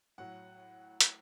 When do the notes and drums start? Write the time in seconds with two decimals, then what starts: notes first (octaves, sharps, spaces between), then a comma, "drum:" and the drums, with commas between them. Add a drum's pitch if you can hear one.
0.18 A2 F#3 F#5
1.01 drum: hi-hat